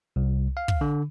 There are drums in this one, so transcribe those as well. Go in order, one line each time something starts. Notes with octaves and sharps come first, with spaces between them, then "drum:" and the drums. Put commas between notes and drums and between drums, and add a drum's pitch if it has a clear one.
C2
F5
drum: kick
D3